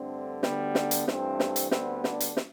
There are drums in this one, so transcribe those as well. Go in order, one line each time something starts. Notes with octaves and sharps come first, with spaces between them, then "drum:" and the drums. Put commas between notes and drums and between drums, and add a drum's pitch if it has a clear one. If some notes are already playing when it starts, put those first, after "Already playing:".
Already playing: G2 D3 A3 C4
D2 D3 G3 B3, drum: snare
drum: snare
drum: hi-hat
G2 E3 A3 C4, drum: snare
drum: snare
drum: hi-hat
D2 D3 G3 B3 C4, drum: snare
D4, drum: snare
drum: hi-hat
drum: snare